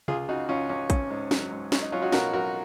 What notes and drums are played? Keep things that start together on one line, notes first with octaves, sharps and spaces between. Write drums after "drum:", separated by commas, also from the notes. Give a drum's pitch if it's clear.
C#2 F4 G#4, drum: tom C3
C#3 D#4 F#4
C#2 C#4 F4
C#2 C#4
G#1 C#4, drum: kick, hi-hat
G#2
F#3, drum: snare
G#2
F#3 C#4, drum: snare
D#4
F#3 C#4 F4
D#4 F#4
B2 F#4 A#4, drum: snare
B1 F#4 A#4